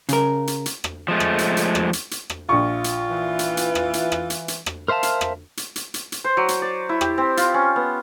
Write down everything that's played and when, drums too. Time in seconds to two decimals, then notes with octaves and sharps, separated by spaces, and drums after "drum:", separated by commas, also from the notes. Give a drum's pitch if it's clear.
0.09 C#3 A#4, drum: hi-hat
0.47 drum: hi-hat
0.66 drum: hi-hat
0.84 drum: rim click
1.08 F3 G#3 A3
1.20 drum: rim click
1.38 drum: hi-hat
1.57 drum: hi-hat
1.75 drum: rim click
1.93 drum: hi-hat
2.11 drum: hi-hat
2.30 drum: rim click
2.49 A#1 F4 C#6
2.84 drum: hi-hat
3.10 E3
3.39 drum: hi-hat
3.57 drum: hi-hat
3.75 drum: rim click
3.93 drum: hi-hat
4.12 drum: rim click
4.30 drum: hi-hat
4.48 drum: hi-hat
4.66 drum: rim click
4.88 A#4 C5 E5 F5 A5
5.03 drum: hi-hat
5.21 drum: rim click
5.57 drum: hi-hat
5.76 drum: hi-hat
5.94 drum: hi-hat
6.12 drum: hi-hat
6.24 C5
6.37 F#3
6.48 drum: hi-hat
6.62 D5
6.89 E4
7.01 G4, drum: rim click
7.18 C4
7.37 F4, drum: hi-hat
7.54 C#4
7.76 B3